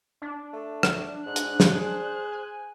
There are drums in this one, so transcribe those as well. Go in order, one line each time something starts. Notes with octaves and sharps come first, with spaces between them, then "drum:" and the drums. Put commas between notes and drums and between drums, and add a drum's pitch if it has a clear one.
D4
A3
drum: rim click
G#2 F#6
drum: hi-hat
drum: snare
G#4 C5 F#6
G#5